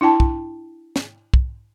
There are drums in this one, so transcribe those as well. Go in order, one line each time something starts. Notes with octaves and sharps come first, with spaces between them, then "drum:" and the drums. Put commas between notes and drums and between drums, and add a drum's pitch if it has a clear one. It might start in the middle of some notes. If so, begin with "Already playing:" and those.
D4 E4 G5 A5
drum: kick
drum: snare
drum: kick